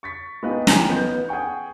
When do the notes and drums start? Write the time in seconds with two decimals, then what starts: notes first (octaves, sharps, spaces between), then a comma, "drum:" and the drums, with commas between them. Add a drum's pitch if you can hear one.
0.03 C#6 A6 B6
0.43 G#3 B3 D#4 G4 B4 F5
0.67 G4 G5 G#5 A#5 F6, drum: snare
0.88 A1 B3 D#4 G6
1.29 G#4 F#5 G5 C#6